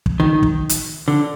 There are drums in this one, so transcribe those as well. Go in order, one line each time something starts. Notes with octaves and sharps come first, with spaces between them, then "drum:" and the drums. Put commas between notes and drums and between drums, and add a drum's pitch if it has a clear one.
drum: kick
D#3
drum: kick
drum: hi-hat
D3